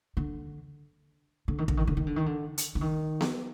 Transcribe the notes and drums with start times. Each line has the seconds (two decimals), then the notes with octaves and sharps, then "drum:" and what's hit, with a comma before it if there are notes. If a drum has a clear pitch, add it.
0.17 D3
1.48 D3
1.58 D#3
1.68 D3, drum: kick
1.77 D#3
1.87 D3
1.97 D#3
2.07 D3
2.16 D#3
2.26 D3
2.58 drum: hi-hat
2.75 D3
2.81 D#3
3.21 drum: snare B3